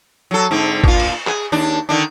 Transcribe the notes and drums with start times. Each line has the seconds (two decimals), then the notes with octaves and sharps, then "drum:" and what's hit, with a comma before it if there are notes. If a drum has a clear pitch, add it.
0.31 F#3 A4
0.51 G#2 D3 C4
0.84 A#2 F4, drum: kick
1.00 drum: cymbal
1.27 G#4, drum: clap
1.52 D#2 D4
1.89 D3 D#3 D4